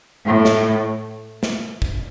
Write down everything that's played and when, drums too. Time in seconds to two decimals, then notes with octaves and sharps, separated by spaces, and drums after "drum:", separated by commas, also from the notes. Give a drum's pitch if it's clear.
0.25 A2
0.45 drum: snare
1.43 drum: snare
1.82 drum: kick